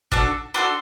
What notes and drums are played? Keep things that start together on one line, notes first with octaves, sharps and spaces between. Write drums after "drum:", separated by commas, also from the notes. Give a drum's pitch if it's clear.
D4 F#4 A4, drum: kick
D4 F#4 A4 C6